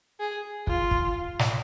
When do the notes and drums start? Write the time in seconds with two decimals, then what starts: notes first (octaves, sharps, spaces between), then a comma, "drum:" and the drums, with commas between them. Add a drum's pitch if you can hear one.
0.20 G#4
0.67 F4, drum: kick
0.91 drum: kick
1.39 drum: snare